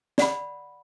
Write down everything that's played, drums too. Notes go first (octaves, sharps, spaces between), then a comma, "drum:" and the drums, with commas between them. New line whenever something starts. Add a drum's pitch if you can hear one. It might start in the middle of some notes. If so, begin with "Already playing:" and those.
D5 F#5 B5, drum: snare